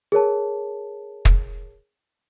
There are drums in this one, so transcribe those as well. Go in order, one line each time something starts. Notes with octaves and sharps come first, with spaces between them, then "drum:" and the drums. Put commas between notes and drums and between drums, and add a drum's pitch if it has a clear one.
G#4 A#4 C#5 A5
drum: kick